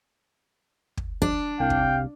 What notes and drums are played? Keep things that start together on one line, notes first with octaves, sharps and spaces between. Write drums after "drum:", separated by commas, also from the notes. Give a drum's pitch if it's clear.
drum: kick
D4, drum: kick
C2 F5 G5
drum: kick